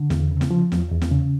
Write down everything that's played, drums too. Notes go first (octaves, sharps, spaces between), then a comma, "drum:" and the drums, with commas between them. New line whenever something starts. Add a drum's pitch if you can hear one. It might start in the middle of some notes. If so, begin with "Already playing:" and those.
Already playing: D3
E2, drum: snare
C#3
drum: snare
F3
E2, drum: snare
E2
drum: snare
C#3